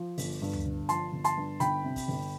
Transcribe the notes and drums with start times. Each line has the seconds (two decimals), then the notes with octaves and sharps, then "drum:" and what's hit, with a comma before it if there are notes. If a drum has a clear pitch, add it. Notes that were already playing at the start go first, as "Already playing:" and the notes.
Already playing: F3
0.18 G1, drum: open hi-hat
0.42 G2
0.53 drum: tom D2
0.65 G1
0.89 F3 A5 C6, drum: hi-hat
1.12 G1
1.24 A5 C6, drum: hi-hat
1.37 G2
1.60 G1 G5 B5, drum: hi-hat
1.84 C3
1.96 drum: kick, open hi-hat
2.08 G1